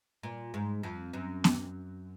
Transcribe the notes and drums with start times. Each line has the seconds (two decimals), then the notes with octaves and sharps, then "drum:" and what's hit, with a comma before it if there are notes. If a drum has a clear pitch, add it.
0.23 A#2
0.54 G#2
0.83 F2
1.14 F#2
1.44 drum: snare B3